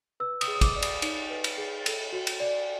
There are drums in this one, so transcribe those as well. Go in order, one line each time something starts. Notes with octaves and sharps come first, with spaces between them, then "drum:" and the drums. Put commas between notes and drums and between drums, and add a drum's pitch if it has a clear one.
B4 E6
D#6, drum: cymbal
G#4
D#6
D6, drum: kick, cymbal
D5
D#6, drum: cymbal
D#4, drum: cymbal
B4
drum: cymbal
G#4
A4, drum: cymbal
F#4
drum: cymbal
D5